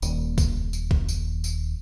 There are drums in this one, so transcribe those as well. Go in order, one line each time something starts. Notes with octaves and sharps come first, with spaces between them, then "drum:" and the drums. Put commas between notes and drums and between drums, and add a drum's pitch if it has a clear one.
D#1 D#2, drum: tambourine
drum: kick B1, tambourine
drum: tambourine
drum: kick B1
drum: tambourine
drum: tambourine